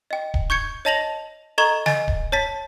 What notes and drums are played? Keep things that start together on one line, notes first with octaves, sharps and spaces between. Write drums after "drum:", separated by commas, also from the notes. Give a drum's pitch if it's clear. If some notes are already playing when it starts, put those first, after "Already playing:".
D#5 G5
drum: kick D1
C#6 G6 G#6 C#7
C#5 D#5 A5 A#6 F7 F#7
A4 D#5 A#5 C#6 G#6 G7
D#5 G#5 A6, drum: snare
drum: kick D1
C#5 A5 A6 B6